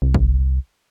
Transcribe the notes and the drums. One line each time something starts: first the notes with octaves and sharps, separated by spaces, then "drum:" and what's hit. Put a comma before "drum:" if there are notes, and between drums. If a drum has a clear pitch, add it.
C2
drum: kick